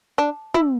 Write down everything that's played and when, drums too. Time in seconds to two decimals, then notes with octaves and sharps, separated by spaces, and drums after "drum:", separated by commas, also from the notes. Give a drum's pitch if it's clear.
0.18 D4
0.54 E4, drum: tom